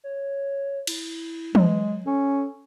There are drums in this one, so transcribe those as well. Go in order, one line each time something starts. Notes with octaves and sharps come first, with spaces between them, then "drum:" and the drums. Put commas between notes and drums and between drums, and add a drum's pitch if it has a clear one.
C#5
E4, drum: cymbal
F#3 G#3, drum: tom E3
C#4 A4